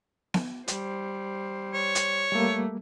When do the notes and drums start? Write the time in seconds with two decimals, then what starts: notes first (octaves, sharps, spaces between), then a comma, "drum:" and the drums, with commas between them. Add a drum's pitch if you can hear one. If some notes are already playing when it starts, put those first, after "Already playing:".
0.34 drum: snare B3
0.68 G3 C5, drum: hi-hat
1.74 C#5
1.95 drum: hi-hat
2.32 G3 A3 A#3